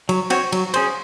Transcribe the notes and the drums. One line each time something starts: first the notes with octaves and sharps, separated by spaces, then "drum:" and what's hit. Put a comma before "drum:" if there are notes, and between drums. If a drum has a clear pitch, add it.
F#3, drum: cymbal
C4 F#4 C#5, drum: cymbal
F#3, drum: cymbal
C#4 G#4 C5, drum: cymbal